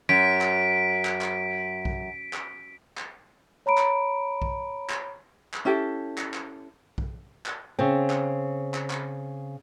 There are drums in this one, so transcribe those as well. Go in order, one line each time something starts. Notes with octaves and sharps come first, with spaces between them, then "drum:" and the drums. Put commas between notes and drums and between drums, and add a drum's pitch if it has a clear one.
F#2 B6 D7
drum: clap
drum: clap
drum: clap
drum: kick B1
drum: clap
drum: clap
C#5 A#5 B5 D7
drum: clap
drum: kick B1
drum: clap
drum: clap
C#4 E4 G4 A4
drum: clap
drum: clap
drum: kick B1
drum: clap
C#3 C4
drum: clap
drum: clap
drum: clap